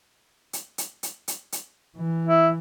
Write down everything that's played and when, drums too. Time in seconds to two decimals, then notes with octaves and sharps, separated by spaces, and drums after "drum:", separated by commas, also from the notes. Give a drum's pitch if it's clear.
0.53 drum: hi-hat
0.78 drum: hi-hat
1.03 drum: hi-hat
1.28 drum: hi-hat
1.52 drum: hi-hat
1.97 E3
2.27 E4